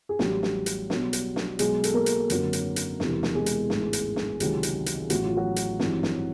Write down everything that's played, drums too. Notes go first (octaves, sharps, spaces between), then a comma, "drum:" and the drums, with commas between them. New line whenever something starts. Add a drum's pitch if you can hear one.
G#4
A1 A2 F#3 G3 G4, drum: snare
drum: snare
drum: hi-hat
B1 B2 F#3, drum: snare
drum: hi-hat
drum: snare
B1 B2 F#3 G#3 G#4, drum: hi-hat
A4, drum: hi-hat
A#3 A#4
drum: hi-hat
G#1 F#2 D3 F#3, drum: hi-hat
drum: hi-hat
drum: hi-hat
E1 E2 C3 E3, drum: snare
drum: snare
G#3 G#4
drum: hi-hat
A1 G#2 E3, drum: snare
drum: hi-hat
drum: snare
C#2 C3 D#3 F#3, drum: hi-hat
drum: hi-hat
drum: hi-hat
A1 A2 F#3 F#4, drum: hi-hat
F4
F#3 F#4
drum: hi-hat
G#1 G2 E3, drum: snare
drum: snare